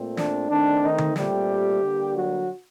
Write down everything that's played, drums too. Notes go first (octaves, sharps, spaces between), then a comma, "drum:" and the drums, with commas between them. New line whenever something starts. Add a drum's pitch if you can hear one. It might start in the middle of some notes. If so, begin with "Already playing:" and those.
Already playing: A#2 A3 C4
D4, drum: snare
D#3 A3 C4 D4
D#3 D#4
drum: tom D3
A#2 G3 A3 C4 G4, drum: snare
D3 G3 A#3
F#3 F#4